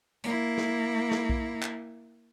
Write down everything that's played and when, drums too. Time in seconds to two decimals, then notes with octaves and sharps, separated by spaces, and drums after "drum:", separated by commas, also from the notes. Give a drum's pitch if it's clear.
0.24 A#3 E4, drum: hi-hat
0.57 drum: snare
1.11 drum: snare
1.30 drum: kick B1
1.62 drum: clap